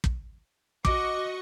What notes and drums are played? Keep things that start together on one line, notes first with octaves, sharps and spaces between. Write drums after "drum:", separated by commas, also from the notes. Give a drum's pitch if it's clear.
drum: kick
F#4 D#5 C#6 D6, drum: kick